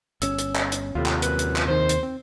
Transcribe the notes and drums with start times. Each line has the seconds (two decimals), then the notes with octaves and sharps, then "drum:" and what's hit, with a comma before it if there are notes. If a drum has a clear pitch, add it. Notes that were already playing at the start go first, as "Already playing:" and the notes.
0.22 G1 C#4 E6, drum: hi-hat
0.39 drum: hi-hat
0.55 drum: clap
0.72 drum: hi-hat
0.95 D#2 A2 C3 F4
1.06 drum: clap
1.22 F#2 A#2 B4 F#6, drum: hi-hat
1.39 drum: hi-hat
1.56 drum: clap
1.67 F2 D#3 C5
1.89 drum: hi-hat
2.03 C4